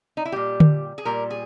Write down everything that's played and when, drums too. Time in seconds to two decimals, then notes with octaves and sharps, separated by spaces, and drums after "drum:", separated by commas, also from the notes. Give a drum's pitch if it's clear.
0.17 D#4
0.25 E4
0.32 A#2 G3 G4
0.60 drum: tom D3
0.98 G#4
1.05 A#2 G3 A#4
1.30 G#4